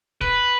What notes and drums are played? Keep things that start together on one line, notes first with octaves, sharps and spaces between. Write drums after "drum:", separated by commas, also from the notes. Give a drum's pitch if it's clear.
B4, drum: kick